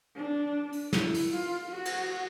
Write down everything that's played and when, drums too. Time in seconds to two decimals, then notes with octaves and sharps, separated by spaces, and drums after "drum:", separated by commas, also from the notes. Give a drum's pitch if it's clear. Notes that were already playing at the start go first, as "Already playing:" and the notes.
0.16 D4
0.73 drum: open hi-hat
0.93 E4, drum: snare
1.14 drum: open hi-hat
1.31 F4
1.70 F#4
1.85 drum: cymbal